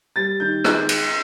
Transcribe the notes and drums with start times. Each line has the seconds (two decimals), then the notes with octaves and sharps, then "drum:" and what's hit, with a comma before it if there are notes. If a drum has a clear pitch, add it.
0.16 G3 A6
0.40 D#3 G6
0.64 G#3 F#6, drum: rim click
0.89 drum: cymbal